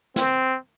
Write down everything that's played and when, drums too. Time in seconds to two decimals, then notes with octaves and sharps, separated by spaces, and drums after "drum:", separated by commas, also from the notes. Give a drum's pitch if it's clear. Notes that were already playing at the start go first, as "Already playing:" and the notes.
0.16 C4, drum: snare